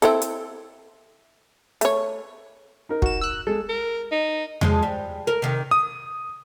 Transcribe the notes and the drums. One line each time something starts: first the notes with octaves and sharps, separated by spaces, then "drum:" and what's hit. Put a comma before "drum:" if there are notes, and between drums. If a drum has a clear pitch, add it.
C4 E4 A4, drum: hi-hat
drum: hi-hat
A3 C#5, drum: hi-hat
D#4 A#4
F#4 E7, drum: kick
E6 F#6
G#3 A4
A#4
D#4
F#2 F3 G#3, drum: tom E2
G3
A#4
C3 D#3
D#6